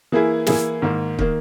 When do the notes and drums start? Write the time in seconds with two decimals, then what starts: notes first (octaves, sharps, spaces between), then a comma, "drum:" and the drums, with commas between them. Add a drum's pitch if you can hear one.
0.12 E3 A#3 E4 G#4
0.46 E3 A#3 E4 G#4, drum: snare
0.82 G#2 D#3 A#3
1.19 D#3 A#3, drum: kick